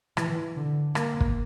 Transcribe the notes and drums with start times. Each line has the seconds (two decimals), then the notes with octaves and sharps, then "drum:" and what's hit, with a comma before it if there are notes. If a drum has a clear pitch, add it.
0.17 E3, drum: rim click
0.56 D3
0.95 A#3, drum: rim click
1.20 drum: kick